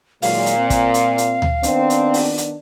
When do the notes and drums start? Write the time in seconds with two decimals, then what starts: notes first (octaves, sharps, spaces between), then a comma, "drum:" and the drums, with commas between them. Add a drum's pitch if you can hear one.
0.22 A#2 D#3 F#3 G#3 F5, drum: open hi-hat
0.46 drum: hi-hat
0.57 C4
0.70 drum: kick, hi-hat
0.94 drum: hi-hat
1.18 drum: hi-hat
1.42 drum: tom D2
1.63 D#3 B3 C4 D4, drum: hi-hat
1.90 drum: hi-hat
2.14 drum: open hi-hat
2.38 drum: hi-hat